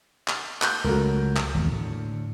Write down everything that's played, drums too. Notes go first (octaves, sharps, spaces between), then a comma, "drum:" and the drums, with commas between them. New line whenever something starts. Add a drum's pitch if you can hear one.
drum: clap
F#6 G6, drum: clap
C#2 F#3 A3 A#4
drum: clap
E1 D#2 G#2
A2 D3